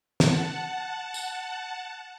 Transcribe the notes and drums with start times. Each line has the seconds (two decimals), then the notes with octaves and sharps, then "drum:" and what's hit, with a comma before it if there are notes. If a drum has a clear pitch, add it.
0.20 F#5 A5, drum: snare
1.14 drum: tambourine